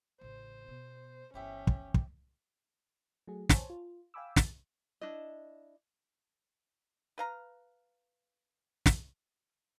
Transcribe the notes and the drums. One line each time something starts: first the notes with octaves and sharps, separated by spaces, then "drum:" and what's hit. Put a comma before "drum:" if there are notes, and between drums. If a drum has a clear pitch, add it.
A1 C#3 C5
B2 B3
G1 E3 C#4 E4 G4 E5
drum: kick
drum: kick
F#3 A3 G#4
C5 C#5 G#5 A5, drum: snare
F4
F5 G5 G#5 B5 D6 E6
A6, drum: snare
D4 E4 D#5
B4 F5 A#5
drum: snare